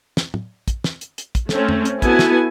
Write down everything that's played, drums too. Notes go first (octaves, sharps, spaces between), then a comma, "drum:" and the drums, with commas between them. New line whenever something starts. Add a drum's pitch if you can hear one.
drum: snare
drum: tom
drum: kick, hi-hat
drum: snare
drum: hi-hat
drum: hi-hat
drum: kick, hi-hat
A3 C4 C#4, drum: snare
drum: tom
drum: hi-hat
B3 E4 F#4 A4 G#5, drum: kick, hi-hat
drum: snare